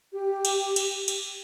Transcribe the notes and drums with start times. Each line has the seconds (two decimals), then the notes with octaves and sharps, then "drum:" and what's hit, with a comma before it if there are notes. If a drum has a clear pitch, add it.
0.13 G4
0.45 drum: cymbal
0.76 drum: cymbal
1.08 drum: cymbal